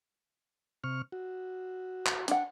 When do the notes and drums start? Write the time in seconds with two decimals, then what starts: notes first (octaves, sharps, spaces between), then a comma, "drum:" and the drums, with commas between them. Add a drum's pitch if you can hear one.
0.84 C3 C#6 F6
1.12 F#4
2.06 drum: clap
2.28 D4 F#5, drum: hi-hat